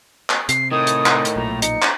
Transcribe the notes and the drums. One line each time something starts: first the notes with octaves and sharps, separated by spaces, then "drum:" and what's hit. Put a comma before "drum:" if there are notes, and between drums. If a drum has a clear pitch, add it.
drum: clap
C3 C7, drum: hi-hat
A2 D#3 D#6
drum: hi-hat
drum: clap
drum: hi-hat
B1 A#2 A#5
D#4 C#7, drum: hi-hat
drum: clap